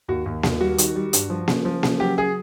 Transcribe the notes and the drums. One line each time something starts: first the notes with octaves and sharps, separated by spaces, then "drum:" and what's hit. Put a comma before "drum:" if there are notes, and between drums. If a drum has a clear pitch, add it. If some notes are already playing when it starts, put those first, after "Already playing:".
D#2 F#4
D#2
D#2, drum: snare A#3
G3 F#4
D#3, drum: hi-hat
G3
G2, drum: hi-hat
F3
C#3, drum: snare A#3
F3
C#3, drum: snare A#3
F#3 G4
G#4